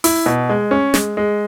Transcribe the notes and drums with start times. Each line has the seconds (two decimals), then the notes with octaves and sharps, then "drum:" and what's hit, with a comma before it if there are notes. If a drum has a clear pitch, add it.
0.04 E4, drum: open hi-hat
0.26 B2
0.49 G#3
0.71 C#4
0.94 G#3, drum: snare
1.17 G#3